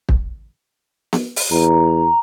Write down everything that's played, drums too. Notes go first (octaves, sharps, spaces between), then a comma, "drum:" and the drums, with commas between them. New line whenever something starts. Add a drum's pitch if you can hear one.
drum: kick
drum: snare B3
drum: open hi-hat
E2 A#5